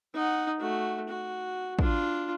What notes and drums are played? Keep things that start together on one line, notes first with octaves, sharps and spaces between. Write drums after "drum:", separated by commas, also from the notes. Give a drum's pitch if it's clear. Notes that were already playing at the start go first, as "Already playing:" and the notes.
D#4 F#5
A3 F#4
F#4
D4 F4, drum: kick